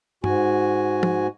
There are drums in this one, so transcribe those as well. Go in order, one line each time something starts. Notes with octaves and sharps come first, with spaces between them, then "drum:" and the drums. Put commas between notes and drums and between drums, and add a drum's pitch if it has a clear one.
G#2 F#4 G#5, drum: tom
drum: tom